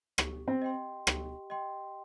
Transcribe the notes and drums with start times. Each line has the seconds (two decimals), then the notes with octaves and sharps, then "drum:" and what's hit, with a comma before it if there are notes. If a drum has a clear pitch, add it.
0.18 G4, drum: rim click
0.48 C4
0.62 D#5 G5 C6
1.07 G4, drum: rim click
1.50 D#5 G5 C6